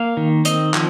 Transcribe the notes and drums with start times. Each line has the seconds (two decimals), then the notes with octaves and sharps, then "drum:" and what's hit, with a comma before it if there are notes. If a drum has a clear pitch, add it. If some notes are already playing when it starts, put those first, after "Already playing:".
Already playing: A#3 F5
0.17 D#3
0.45 C4 D#5, drum: hi-hat
0.74 F3, drum: clap